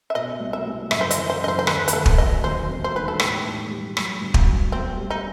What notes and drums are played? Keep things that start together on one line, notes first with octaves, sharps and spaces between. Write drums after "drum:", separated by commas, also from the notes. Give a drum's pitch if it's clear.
E5
B2 D#5
C2
E5
C2
F#1 E5, drum: rim click
C5
D#5, drum: hi-hat
E3
C5
F#1 D#5
C5
C5
D#2 B4, drum: rim click
B4, drum: hi-hat
D#2 A4
drum: kick
F#3 D#5
D#2 C5
E1
C5
D#3 B4
A4
A2 G4, drum: rim click
A2
G3
F#3, drum: rim click
G1
drum: kick
F#3
B1 C4
G3
D#4